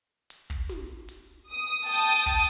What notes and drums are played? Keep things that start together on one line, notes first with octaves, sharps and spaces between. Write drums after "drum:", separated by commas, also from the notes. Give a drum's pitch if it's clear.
drum: hi-hat
drum: kick
drum: snare
drum: hi-hat
D#6
G5 A5 D#6, drum: hi-hat
drum: kick, hi-hat